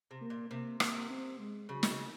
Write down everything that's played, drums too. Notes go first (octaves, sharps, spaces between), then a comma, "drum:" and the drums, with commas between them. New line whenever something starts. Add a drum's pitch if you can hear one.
C3
A#3
A#2
C3 A#3
A#3, drum: rim click
C4
G#3
C#3 F#3
D#3, drum: snare
C#3